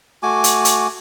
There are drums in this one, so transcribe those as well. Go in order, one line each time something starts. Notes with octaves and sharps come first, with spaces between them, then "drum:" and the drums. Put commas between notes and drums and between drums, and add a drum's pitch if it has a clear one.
A3 F#4 G#5 D6
drum: hi-hat
drum: hi-hat